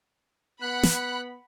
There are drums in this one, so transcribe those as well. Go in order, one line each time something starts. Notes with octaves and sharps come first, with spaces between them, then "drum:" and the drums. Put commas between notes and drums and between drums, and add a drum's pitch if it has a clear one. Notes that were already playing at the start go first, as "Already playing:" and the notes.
B3 F#5 B5 F#6
drum: snare